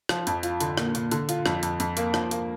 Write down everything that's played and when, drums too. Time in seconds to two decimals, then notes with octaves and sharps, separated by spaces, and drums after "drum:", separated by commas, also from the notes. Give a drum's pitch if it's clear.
0.09 F3, drum: rim click
0.27 F2, drum: hi-hat
0.43 F4, drum: hi-hat
0.60 D3, drum: hi-hat
0.78 A#2, drum: rim click
0.95 A#2, drum: hi-hat
1.11 D3, drum: hi-hat
1.29 F4, drum: hi-hat
1.46 F2, drum: rim click
1.63 F2, drum: hi-hat
1.80 F2, drum: hi-hat
1.97 A#3, drum: hi-hat
2.14 F3, drum: rim click
2.31 A#3, drum: hi-hat